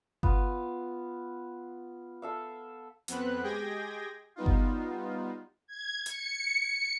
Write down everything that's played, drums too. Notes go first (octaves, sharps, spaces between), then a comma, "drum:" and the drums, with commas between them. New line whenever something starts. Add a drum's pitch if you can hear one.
B3 F4, drum: kick G1
A4 E5 F5
F2 B3 C4 B4 F#6, drum: hi-hat
G#3 G4 G#4 G5 G#6 A#6
G3 B3 D#4 F4
drum: kick G1
G#6
C#7, drum: hi-hat